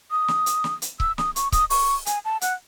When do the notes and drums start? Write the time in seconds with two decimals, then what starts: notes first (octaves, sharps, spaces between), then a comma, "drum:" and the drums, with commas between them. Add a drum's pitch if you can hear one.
0.11 D#6
0.28 drum: snare
0.46 drum: hi-hat
0.64 drum: snare
0.82 drum: hi-hat
1.00 E6, drum: kick C#1
1.18 D#6, drum: snare
1.36 C#6, drum: hi-hat
1.52 D#6, drum: kick C#1, hi-hat
1.70 C#6, drum: open hi-hat
2.06 G#5, drum: hi-hat
2.25 A5
2.41 F#5, drum: hi-hat